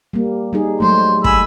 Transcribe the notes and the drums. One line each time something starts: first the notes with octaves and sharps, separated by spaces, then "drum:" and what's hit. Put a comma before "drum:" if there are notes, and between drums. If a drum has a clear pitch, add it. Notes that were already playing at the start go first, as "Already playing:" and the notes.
G3 A#3
G3 D#4 G#4
F#3 G#3 A3 C5
G#5 B5 E6, drum: kick